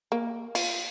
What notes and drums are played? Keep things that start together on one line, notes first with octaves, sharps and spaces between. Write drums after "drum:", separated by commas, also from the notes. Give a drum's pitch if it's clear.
A#3
F4, drum: open hi-hat